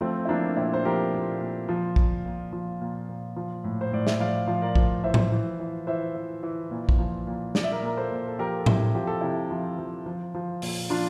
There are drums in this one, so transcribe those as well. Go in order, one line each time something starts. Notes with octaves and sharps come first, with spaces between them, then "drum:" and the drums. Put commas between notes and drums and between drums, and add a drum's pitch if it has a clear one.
F3 A3 C4
E4
F3 A#3 D4
A#2 C4 E4
C5
F3 G4 A#4
A#2
A#2
F3
A#2, drum: kick
A#2
F3
A#2
A#2
F3
A2
C5
A2 D5
E5, drum: snare
F3 D5 F5
F3
A#4 D5
F3, drum: kick
E3 C5 E5
drum: tom A2
E3
E3
E3 C5 E5
E3
E3
A#2
drum: kick
F3
A#2
A#2 D5, drum: snare
E5
A#4 D5
A#2 A#4
A4 C5
A#2
A4
F3 G4 A#4
A4
C3 E4 G4, drum: tom A2
F3 G4
A4
C3 E4 G4
F3
F3
F3
F3
A#2, drum: open hi-hat
F3 D4 F4